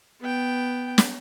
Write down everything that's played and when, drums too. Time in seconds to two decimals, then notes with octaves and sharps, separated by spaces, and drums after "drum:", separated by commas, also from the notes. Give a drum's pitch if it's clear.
0.21 B3 G5
0.98 drum: snare